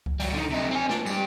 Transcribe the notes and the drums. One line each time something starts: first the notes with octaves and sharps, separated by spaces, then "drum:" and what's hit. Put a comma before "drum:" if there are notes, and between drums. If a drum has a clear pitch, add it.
drum: kick C#2
F#3 G3, drum: open hi-hat
D3 D#3
C3 D#4
C4 G#5
D4, drum: snare
G2 G4, drum: tambourine